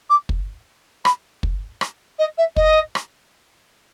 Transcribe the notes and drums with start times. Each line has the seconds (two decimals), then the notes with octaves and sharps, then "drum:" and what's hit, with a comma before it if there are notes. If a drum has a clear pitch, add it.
0.10 D6
0.29 drum: kick
1.05 B5, drum: rim click
1.43 drum: kick
1.81 drum: rim click
2.19 D#5
2.38 E5
2.56 D#5, drum: kick
2.95 drum: rim click